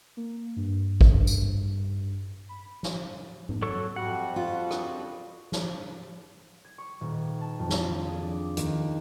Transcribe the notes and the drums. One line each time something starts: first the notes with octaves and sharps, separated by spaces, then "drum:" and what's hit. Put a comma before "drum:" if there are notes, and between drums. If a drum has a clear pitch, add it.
A#3
G2
drum: kick G#1
drum: tambourine
B5
drum: snare
drum: tom
F#3 A4 C#6
F2 G3 F#4 F#5
F4
drum: rim click
drum: snare
G#6
C#6
D#1
A5
F2
drum: snare
F4
G#4
D4
D#2, drum: hi-hat